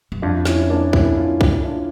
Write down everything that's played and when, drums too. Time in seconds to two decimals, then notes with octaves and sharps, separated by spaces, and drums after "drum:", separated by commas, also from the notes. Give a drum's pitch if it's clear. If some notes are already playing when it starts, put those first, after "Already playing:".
0.12 G2
0.22 F2 D4 F4
0.45 C#4 E4, drum: snare
0.61 E4
0.70 A#3 D4
0.93 C#4 E4, drum: kick
1.17 D4 F4
1.41 drum: kick
1.64 D4 F4